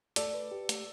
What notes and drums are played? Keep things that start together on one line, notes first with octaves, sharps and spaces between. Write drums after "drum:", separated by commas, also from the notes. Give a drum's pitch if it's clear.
A3 A4 D5, drum: hi-hat
B4
G4
A3, drum: hi-hat